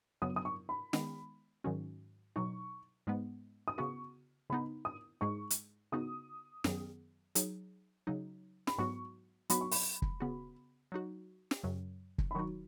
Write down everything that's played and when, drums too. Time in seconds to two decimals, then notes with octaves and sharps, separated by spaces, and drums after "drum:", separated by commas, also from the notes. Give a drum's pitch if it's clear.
0.22 F#2 C#3 F#3 B3 D#6
0.36 D#6
0.45 C#6
0.69 B5
0.93 D#3 G#3 B3 D#4, drum: snare
1.64 G#2 D#3 F#3 C#4 F#4
2.36 B2 F#3 D#4 C#6
3.07 G#2 G#3 B3
3.68 D#6
3.78 C#3 B3 F#4 C#6
4.50 C#3 B3 D#4 B5
4.85 D#6
5.21 G#2 G#3 D#4 G#4 C#6
5.50 drum: hi-hat
5.92 C#3 B3 D#4 F#4 D#6
6.64 F#2 D#3 F#3 B3 G#4, drum: snare
7.35 F#3 D#4 G#4, drum: hi-hat
8.07 C#3 F#3 D#4
8.67 B5, drum: snare
8.78 G#2 F#3 B3 F#4 C#6
9.50 F#3 B3 D#4 F#4 B5, drum: hi-hat
9.61 C#6
9.71 B5, drum: open hi-hat
10.02 drum: kick
10.20 C#3 B3 F#4
10.92 F#3 D#4 F#4
11.51 drum: snare
11.63 F#2 C#3 F#3
12.18 drum: kick
12.31 B5
12.35 D#3 F#3 D#4 F#4 C#6